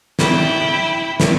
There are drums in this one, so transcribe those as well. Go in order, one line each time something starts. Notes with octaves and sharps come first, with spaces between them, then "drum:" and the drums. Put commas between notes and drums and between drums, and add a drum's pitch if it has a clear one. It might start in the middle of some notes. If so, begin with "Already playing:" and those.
E4 G5, drum: snare
drum: snare